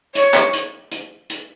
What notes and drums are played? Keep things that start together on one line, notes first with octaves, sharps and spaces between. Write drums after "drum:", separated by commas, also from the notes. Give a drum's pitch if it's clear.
C#5, drum: hi-hat
drum: clap
drum: hi-hat
drum: hi-hat
drum: hi-hat